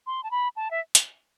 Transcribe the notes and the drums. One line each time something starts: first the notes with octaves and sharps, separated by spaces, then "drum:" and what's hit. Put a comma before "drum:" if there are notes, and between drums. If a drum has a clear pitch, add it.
C6
A5
B5
A5
E5
drum: hi-hat